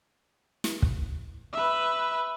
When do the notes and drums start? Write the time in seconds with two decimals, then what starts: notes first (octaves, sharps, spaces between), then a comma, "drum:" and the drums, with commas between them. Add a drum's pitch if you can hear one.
0.64 drum: snare
0.82 drum: kick
1.53 B4 E5